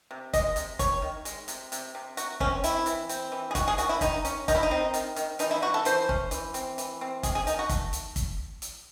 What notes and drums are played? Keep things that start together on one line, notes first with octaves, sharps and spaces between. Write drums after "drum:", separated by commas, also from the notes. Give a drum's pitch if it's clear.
C3
G#3 D#5, drum: kick, hi-hat
C3, drum: hi-hat
C3 C#5, drum: kick, hi-hat
D#3
G#3, drum: hi-hat
C3, drum: hi-hat
C3, drum: hi-hat
C3
F#3 F#4, drum: hi-hat
C4 C#4, drum: kick
C4 E4, drum: hi-hat
E3, drum: hi-hat
C4, drum: hi-hat
E3
G#4
D#3 F#4, drum: kick, hi-hat
G#4
D#3 F#4, drum: hi-hat
E4
D#3 D#4, drum: kick, hi-hat
C#4, drum: hi-hat
D#3 D#4, drum: kick, hi-hat
E4
D#4
C4
D#3, drum: hi-hat
D#3, drum: hi-hat
E3 D#4, drum: hi-hat
E4
E3 F#4
A4
E3 C5, drum: hi-hat
C#4, drum: kick
E3, drum: hi-hat
C4, drum: hi-hat
E3, drum: hi-hat
C4
D#3 G#4, drum: kick, hi-hat
G#4
D#3 D#4, drum: hi-hat
F#4
A3, drum: kick, hi-hat
drum: hi-hat
drum: kick, hi-hat
drum: hi-hat